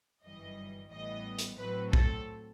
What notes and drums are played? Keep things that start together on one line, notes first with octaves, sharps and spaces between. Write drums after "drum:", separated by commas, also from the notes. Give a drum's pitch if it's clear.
G1 F#2 E3 G3 D#5
A1 A2 E3 G3 B3 D#5
drum: hi-hat
A2 F#3 C4 B4
A4, drum: kick A#1